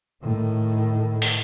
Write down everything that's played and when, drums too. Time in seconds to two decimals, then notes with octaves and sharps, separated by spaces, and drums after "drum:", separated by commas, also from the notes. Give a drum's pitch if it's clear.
0.22 A2 D#3
1.22 drum: open hi-hat